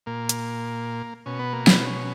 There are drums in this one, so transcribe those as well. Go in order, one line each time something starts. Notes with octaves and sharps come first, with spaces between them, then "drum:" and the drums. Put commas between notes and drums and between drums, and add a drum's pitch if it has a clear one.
A#2 A#3
drum: hi-hat
B2 C#4
B3
A#3
B3, drum: snare
B3
C#4